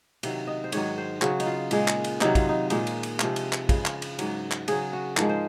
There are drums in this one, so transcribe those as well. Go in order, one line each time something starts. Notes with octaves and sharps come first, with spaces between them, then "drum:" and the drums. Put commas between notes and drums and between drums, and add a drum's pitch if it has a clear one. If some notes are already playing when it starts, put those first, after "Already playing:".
C3 D#3 F#3 F5, drum: cymbal
D#5
C5
G#2 D#3 F#3 C#5, drum: cymbal
C5
C#3 F#3 F#4, drum: clap
D#4, drum: cymbal
F4
A#2 G#3, drum: cymbal
drum: clap
drum: cymbal
C3 D#3 F#3 D#4, drum: clap
F4, drum: kick, cymbal
D#4
A#2 G#3 D#4, drum: cymbal
drum: cymbal
drum: cymbal
C3 F3 G#3, drum: clap
drum: cymbal
drum: clap
C#3 G#3 F4, drum: kick, cymbal
drum: clap
drum: cymbal
G#2 F#3, drum: cymbal
drum: clap
C#3 F#3 G#4, drum: cymbal
F#4
G#2 F3 G#3 A#4, drum: clap
C5